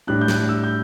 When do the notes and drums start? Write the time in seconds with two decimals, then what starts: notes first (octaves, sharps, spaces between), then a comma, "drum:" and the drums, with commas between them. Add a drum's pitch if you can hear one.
0.07 A2 G3 D4 F#6
0.21 G6
0.28 F#6, drum: snare
0.49 E6
0.64 G6